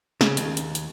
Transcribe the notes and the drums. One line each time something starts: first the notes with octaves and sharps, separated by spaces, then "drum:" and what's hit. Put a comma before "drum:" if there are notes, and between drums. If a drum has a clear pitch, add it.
C#3, drum: snare
D#2, drum: hi-hat
drum: hi-hat
drum: hi-hat